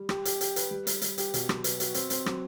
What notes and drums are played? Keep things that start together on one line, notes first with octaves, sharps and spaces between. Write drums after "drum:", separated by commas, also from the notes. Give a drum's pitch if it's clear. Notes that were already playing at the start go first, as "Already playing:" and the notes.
Already playing: G3
G4, drum: rim click
G4, drum: hi-hat
G4, drum: hi-hat
B4, drum: hi-hat
G3
G3, drum: hi-hat
G3, drum: hi-hat
G4, drum: hi-hat
B2, drum: hi-hat
F#3, drum: rim click
B3, drum: hi-hat
F#4, drum: hi-hat
C4, drum: hi-hat
C4, drum: hi-hat
F#3, drum: rim click